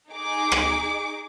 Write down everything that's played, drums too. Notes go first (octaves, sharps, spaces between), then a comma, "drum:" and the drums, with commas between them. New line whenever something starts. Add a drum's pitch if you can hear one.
D#4 G#4 D6
drum: rim click